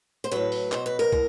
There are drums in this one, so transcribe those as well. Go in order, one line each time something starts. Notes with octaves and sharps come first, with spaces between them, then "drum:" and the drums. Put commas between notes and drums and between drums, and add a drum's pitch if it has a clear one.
C5
A2 F#3 B4
drum: open hi-hat
B2 F#3 C5, drum: clap
B4
A#4
A2, drum: kick